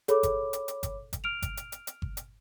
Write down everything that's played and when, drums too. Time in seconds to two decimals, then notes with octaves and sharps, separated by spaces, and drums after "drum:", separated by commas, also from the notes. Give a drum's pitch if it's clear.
0.08 G#4 A4 C#5 B5 D6, drum: hi-hat
0.23 drum: kick G1, hi-hat
0.53 drum: hi-hat
0.68 drum: hi-hat
0.83 drum: kick G1, hi-hat
1.13 drum: kick G1, hi-hat
1.24 F6 D7 F7
1.42 drum: kick G1, hi-hat
1.57 drum: hi-hat
1.72 drum: hi-hat
1.87 drum: hi-hat
2.02 drum: kick G1
2.17 drum: hi-hat